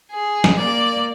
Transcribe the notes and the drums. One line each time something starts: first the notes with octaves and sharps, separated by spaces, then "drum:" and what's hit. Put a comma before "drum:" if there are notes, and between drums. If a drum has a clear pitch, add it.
G#4
drum: snare
A#3 D5